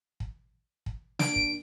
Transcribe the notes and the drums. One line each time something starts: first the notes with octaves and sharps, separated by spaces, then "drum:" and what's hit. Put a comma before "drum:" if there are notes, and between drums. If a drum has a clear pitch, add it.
drum: kick
drum: kick
D4 D7, drum: snare
drum: kick